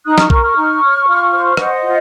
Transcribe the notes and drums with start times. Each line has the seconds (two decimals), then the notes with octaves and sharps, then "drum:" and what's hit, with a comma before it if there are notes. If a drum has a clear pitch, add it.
0.05 D#4 D#6 F#6
0.18 C#6 F6, drum: snare
0.30 A#4 C#6 F6, drum: kick B1
0.43 C#6 F6
0.56 D#4
0.82 C#5
1.06 F4
1.32 C5
1.57 C5 D#5 F#5, drum: rim click
1.83 F4